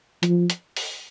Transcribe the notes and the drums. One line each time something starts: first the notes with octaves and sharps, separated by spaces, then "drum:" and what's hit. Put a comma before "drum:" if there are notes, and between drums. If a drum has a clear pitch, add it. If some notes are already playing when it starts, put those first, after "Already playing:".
F3, drum: hi-hat
drum: hi-hat
drum: open hi-hat